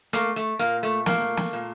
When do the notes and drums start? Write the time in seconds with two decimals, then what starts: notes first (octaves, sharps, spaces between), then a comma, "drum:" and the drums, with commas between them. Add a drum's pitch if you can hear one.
0.13 A3 A#3, drum: hi-hat
0.36 A3
0.59 A#2 A#3
0.83 A3
1.06 A3 A#3, drum: snare
1.37 drum: snare
1.53 A#2